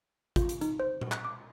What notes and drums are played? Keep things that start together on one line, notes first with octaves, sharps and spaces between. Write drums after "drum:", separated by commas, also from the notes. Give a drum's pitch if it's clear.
F4, drum: kick, hi-hat
drum: hi-hat
D#4, drum: hi-hat
C5
drum: tom A#2
F#6, drum: clap
D6